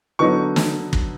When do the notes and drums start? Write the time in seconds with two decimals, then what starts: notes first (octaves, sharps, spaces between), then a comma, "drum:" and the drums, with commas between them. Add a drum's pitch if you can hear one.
0.19 D3 F#3 B3 D#4 C#6
0.56 drum: snare
0.93 drum: kick